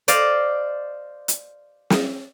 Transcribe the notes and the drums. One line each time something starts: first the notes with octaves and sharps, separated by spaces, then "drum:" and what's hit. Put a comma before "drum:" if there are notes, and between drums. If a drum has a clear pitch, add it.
C5 D5 D#5 F5, drum: hi-hat
drum: hi-hat
drum: snare